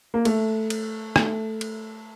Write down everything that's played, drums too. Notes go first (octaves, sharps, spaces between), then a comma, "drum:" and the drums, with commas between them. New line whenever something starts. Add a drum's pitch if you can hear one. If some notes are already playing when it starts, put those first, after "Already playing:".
A#3
A3, drum: cymbal
drum: cymbal
A3, drum: rim click
drum: cymbal